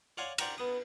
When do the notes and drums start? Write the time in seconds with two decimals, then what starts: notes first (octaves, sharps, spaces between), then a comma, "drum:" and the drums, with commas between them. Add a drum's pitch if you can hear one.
0.17 C#5 D5 F5 F#5 G#5 C6
0.38 C5 D5 F#5 G5 A#5 C#6, drum: cymbal
0.58 B3 D#6